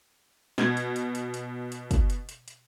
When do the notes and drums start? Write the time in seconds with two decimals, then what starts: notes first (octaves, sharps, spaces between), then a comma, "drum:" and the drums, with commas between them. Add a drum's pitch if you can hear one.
0.58 B2 G#6, drum: snare
0.77 drum: hi-hat
0.96 drum: hi-hat
1.15 drum: hi-hat
1.34 drum: hi-hat
1.72 drum: hi-hat
1.91 drum: kick, hi-hat
2.10 drum: hi-hat
2.29 drum: hi-hat
2.48 drum: hi-hat